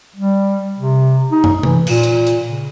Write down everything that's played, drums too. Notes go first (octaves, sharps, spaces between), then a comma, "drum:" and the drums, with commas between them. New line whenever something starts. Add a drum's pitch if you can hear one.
G3
C3
D#4
drum: tom
E3, drum: tom
A#2, drum: cymbal
drum: hi-hat
drum: hi-hat
C#3